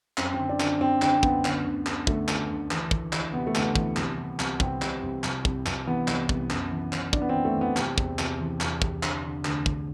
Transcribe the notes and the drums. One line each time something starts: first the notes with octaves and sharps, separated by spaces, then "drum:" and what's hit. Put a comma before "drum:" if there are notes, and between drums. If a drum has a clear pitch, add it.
F#2 C4, drum: clap
D3 C4
D4
D3, drum: clap
D3 C4
D3 C4, drum: clap
C4
F#2 B3, drum: kick
D3, drum: clap
D2
D3, drum: clap
D3 A3, drum: kick
D3, drum: clap
D2
E3, drum: clap
E3, drum: kick
E3, drum: clap
C3 B3
A3
D2 B3, drum: clap
E3, drum: kick
C2, drum: clap
C3
C2, drum: clap
C2 C4, drum: kick
C3, drum: clap
C2
C2, drum: clap
C2, drum: kick
C2, drum: clap
E3 B3
C2, drum: clap
C2, drum: kick
F#2, drum: clap
E3
E3, drum: clap
F#2 D4, drum: kick
B3
E3 C4
A3
E3
B3
C3 C4, drum: clap
E2, drum: kick
C3, drum: clap
E3
E2, drum: clap
C3, drum: kick
D3, drum: clap
D3
D2, drum: clap
D2, drum: kick